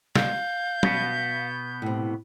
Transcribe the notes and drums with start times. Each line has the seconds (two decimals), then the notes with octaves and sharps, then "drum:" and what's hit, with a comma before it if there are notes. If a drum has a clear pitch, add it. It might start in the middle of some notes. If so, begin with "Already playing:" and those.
0.15 F5 G6, drum: snare
0.83 B2 B3, drum: tom
1.82 A2 C3